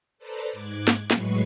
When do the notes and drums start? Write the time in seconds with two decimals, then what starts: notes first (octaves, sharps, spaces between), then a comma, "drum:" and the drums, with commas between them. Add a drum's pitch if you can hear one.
0.18 A4 B4 C5 D5 A#5
0.53 G#2 D6 F#6 G#6
0.88 drum: snare
1.11 A2 F#3 G#3 B4 C#6 C7, drum: snare